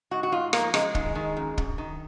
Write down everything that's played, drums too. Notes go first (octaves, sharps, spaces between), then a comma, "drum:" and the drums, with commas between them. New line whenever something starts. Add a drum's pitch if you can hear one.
G#2 F#4
F#4
G#2 F4
F3 A#3, drum: rim click
F#2 G#3, drum: rim click
D#3, drum: kick
D#3
F#2
F#2, drum: kick
D#3